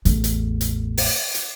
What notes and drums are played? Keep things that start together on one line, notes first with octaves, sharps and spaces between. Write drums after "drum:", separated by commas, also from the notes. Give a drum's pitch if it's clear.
A1 E2, drum: hi-hat
drum: hi-hat
drum: hi-hat
drum: open hi-hat
drum: hi-hat